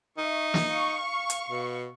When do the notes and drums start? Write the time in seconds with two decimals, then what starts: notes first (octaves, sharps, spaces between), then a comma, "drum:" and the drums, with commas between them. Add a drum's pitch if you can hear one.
0.18 D#4 E5 C#6
0.54 drum: snare
0.68 F5 C#6
1.30 drum: hi-hat
1.50 B2